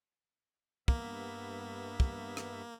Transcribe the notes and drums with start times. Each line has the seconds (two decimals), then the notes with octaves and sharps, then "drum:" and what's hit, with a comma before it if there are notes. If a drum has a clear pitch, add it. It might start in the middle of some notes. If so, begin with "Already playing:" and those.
0.88 G2 A#3 B3 E5, drum: kick
2.00 drum: kick
2.37 drum: rim click